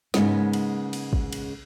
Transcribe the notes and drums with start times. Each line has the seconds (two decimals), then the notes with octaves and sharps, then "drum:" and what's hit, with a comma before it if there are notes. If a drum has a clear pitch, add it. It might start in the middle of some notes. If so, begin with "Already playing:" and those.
0.14 G#2 C#3 G#3 A#3 B3 C#4, drum: snare
0.53 drum: cymbal
0.93 drum: cymbal
1.13 drum: kick
1.33 drum: cymbal